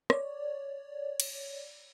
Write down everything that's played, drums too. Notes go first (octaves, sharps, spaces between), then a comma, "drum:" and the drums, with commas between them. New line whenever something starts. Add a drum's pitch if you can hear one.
C#5 D5, drum: rim click
drum: cymbal